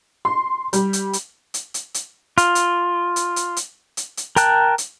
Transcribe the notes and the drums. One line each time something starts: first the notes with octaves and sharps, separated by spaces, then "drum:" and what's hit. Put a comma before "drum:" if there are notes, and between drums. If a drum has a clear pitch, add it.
C6
G3, drum: hi-hat
drum: hi-hat
drum: hi-hat
drum: hi-hat
drum: hi-hat
drum: hi-hat
F4, drum: hi-hat
drum: hi-hat
drum: hi-hat
drum: hi-hat
drum: hi-hat
drum: hi-hat
drum: hi-hat
A#4 G5 A5 F#6, drum: hi-hat
drum: hi-hat